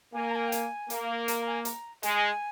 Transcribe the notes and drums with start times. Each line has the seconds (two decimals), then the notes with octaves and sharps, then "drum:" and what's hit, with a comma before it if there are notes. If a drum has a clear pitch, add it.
0.13 A#3 G#5
0.31 A#5
0.35 G#5
0.48 G5
0.52 G#5, drum: hi-hat
0.90 A#3, drum: hi-hat
1.28 A#5, drum: hi-hat
1.46 G#5
1.65 A#5, drum: hi-hat
2.03 G#3 G#5, drum: hi-hat